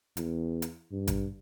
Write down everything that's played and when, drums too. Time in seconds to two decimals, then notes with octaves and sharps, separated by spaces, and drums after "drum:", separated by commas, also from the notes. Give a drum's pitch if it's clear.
0.17 E2, drum: hi-hat
0.62 drum: hi-hat
0.92 G2
1.07 drum: kick G#1, hi-hat